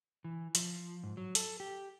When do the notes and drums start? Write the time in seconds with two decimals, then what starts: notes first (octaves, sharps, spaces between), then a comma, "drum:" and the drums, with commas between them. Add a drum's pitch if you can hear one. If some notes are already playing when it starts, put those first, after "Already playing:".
0.24 E3
0.55 F3, drum: hi-hat
1.03 G#2
1.17 F#3
1.35 A4, drum: hi-hat
1.60 G4